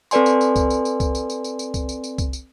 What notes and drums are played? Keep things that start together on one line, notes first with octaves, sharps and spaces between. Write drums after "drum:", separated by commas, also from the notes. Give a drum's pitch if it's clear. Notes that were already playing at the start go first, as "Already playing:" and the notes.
C4 A4 B4 D5 G#5 C6, drum: tambourine
drum: tambourine
drum: tambourine
drum: kick C2, tambourine
drum: tambourine
drum: tambourine
drum: kick C2, tambourine
drum: tambourine
drum: tambourine
drum: tambourine
drum: tambourine
drum: kick C2, tambourine
drum: tambourine
drum: tambourine
drum: kick C2, tambourine
drum: tambourine